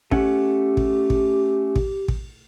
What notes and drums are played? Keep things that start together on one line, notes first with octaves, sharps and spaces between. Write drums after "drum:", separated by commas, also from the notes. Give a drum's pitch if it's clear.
A3 C#4 G4 F#5, drum: kick
drum: kick
drum: kick
drum: kick
drum: kick